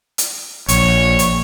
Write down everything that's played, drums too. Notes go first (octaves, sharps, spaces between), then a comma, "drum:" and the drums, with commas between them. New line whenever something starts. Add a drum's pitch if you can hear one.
drum: hi-hat
A#1 C#5, drum: hi-hat
drum: hi-hat